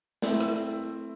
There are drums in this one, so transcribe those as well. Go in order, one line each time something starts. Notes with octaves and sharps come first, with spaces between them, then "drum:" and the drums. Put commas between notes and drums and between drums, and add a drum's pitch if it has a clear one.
A3 C4 E4, drum: snare
drum: rim click